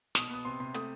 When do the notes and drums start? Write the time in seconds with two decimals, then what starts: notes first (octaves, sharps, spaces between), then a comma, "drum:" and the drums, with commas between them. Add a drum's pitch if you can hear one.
0.15 B2 D#6, drum: snare
0.30 B3 D#6
0.45 C3 C6
0.60 C3 C6
0.74 A3 D#6, drum: hi-hat